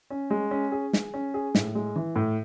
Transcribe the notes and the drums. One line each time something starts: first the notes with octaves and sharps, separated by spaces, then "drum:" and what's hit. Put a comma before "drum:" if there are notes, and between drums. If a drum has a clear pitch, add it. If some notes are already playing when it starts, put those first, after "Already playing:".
C#4
G#3
C#4
G#4
G#4, drum: snare
C#4
G#4
A2, drum: snare
G#3
E3
A2